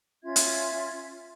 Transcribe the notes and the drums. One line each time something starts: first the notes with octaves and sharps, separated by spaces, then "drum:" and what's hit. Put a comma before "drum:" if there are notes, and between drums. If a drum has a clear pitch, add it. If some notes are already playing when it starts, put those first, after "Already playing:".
C#4 F4 E5 G#6
drum: hi-hat